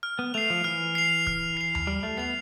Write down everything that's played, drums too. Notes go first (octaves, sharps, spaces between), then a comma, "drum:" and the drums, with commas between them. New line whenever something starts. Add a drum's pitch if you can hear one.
F6
B3
A3 C7 F7
F3
E3 F6
C7 F7
F6, drum: kick
C7 F7
drum: tom D#2
G3 F6
A3
B3 C7 F7